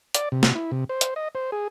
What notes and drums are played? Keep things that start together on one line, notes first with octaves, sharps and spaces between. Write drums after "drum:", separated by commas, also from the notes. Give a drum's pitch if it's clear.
D5, drum: hi-hat
C3
drum: snare
E4
C3
C5
drum: hi-hat
D#5
C5
G#4